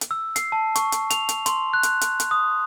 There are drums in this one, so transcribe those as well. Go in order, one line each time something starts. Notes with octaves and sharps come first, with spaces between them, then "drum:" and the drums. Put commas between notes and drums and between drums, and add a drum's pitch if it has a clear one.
drum: hi-hat
E6
C7, drum: hi-hat
A5
C#6, drum: hi-hat
drum: hi-hat
F7, drum: hi-hat
drum: hi-hat
C6, drum: hi-hat
F#6
drum: hi-hat
drum: hi-hat
drum: hi-hat
D#6